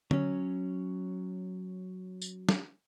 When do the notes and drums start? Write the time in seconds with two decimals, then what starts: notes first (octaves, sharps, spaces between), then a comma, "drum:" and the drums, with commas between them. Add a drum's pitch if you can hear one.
0.11 F#3 C#4, drum: tom
2.22 drum: tambourine
2.49 drum: snare